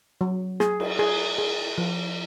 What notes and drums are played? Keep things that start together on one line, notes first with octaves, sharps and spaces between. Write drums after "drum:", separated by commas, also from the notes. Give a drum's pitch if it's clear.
F#3
G#4, drum: snare
drum: cymbal
G#4
G#4
F3